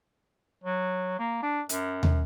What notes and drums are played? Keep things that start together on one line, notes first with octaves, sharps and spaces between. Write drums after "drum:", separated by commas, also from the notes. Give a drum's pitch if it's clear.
F#3
A#3
D4
F#2, drum: hi-hat
drum: tom